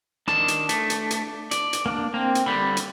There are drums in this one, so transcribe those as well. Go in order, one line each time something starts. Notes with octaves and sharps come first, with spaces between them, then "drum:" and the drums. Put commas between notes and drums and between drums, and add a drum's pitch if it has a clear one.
D#3 D4 A5, drum: rim click
drum: hi-hat
A3, drum: hi-hat
drum: hi-hat
drum: hi-hat
D5, drum: hi-hat
drum: hi-hat
A#3 D4
A#3 C4
drum: hi-hat
D3 G3 B5
drum: hi-hat